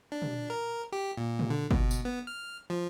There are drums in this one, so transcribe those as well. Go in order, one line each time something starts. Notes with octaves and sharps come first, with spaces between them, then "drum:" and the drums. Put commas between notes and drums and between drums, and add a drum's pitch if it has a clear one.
D4
drum: tom
A#4
G4
A#2
drum: tom
D3
B2, drum: kick G1
drum: tambourine
B3
F6
F3